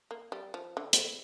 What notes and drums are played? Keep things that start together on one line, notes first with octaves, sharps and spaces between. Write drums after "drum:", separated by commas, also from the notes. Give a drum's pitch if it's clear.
A#3
G3
F3
D3
drum: hi-hat